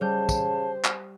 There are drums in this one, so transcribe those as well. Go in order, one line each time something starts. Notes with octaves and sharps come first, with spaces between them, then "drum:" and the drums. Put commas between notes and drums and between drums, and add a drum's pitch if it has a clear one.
C#3 G3 C5 A5 G6
drum: kick, tambourine
drum: clap